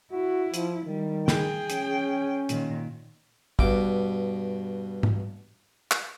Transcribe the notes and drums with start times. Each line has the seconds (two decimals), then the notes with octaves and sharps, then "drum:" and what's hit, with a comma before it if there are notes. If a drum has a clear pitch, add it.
0.12 E4 F#4
0.54 F3, drum: hi-hat
0.86 D#3 G3
1.28 G#4 G5, drum: snare
1.70 C#4, drum: hi-hat
2.49 A#2 D#3, drum: hi-hat
3.59 G2 B2 D6, drum: kick
5.03 drum: tom G#2
5.91 drum: clap